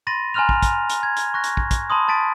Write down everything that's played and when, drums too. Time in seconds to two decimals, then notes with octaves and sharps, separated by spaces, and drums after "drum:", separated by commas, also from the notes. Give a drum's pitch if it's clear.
0.07 B5 C6 A6 A#6 D#7
0.34 G#5 A#5 C6 F6 F#6 F7
0.49 drum: kick
0.62 drum: kick, hi-hat
0.90 drum: hi-hat
1.03 G#6
1.17 drum: hi-hat
1.34 C#6 F#6 A#6
1.44 drum: hi-hat
1.57 drum: kick
1.71 drum: kick, hi-hat
1.90 A5 B5 C6 D#6
2.08 A5 A6 B6 D7